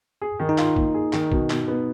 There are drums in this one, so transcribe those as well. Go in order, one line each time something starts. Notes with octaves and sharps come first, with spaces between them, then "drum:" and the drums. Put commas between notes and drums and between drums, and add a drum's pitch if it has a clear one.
G#4
D#3
D#4
F4, drum: clap
A#3, drum: kick
G#4
D#3, drum: clap
B2, drum: kick
B2, drum: clap
B3